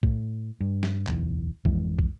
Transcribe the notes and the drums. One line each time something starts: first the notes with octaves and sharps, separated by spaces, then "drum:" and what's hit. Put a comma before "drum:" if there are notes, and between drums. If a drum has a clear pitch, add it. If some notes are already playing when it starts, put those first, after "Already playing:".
A2, drum: kick
G2
drum: snare
D1 B1 E2, drum: clap
G#1 F2 E3 G#3, drum: kick
drum: kick